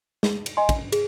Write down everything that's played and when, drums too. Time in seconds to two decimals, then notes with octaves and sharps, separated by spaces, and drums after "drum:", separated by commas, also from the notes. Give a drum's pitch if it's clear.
0.23 G#4, drum: snare
0.46 drum: cymbal
0.57 D#5 G#5 C6
0.69 drum: kick, cymbal
0.92 G#4, drum: cymbal